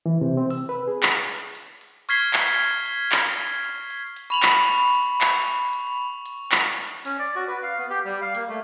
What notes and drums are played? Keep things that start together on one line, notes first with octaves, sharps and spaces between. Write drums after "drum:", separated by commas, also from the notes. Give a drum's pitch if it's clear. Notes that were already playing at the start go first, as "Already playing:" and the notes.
E3
C3
C4
E6, drum: open hi-hat
B4
G#4
drum: clap
drum: hi-hat
drum: hi-hat
drum: open hi-hat
C#6 F6 G#6 B6 C7 G7, drum: hi-hat
drum: clap
drum: open hi-hat
drum: hi-hat
drum: clap
drum: hi-hat
drum: hi-hat
drum: open hi-hat
drum: hi-hat
B5 C#6 F7 F#7
drum: clap
drum: open hi-hat
drum: hi-hat
drum: clap
drum: hi-hat
drum: hi-hat
drum: hi-hat
drum: clap
drum: open hi-hat
C#4, drum: hi-hat
D5
F#4
B4
F5
B3
G4
G3
F5
A#3, drum: hi-hat
A3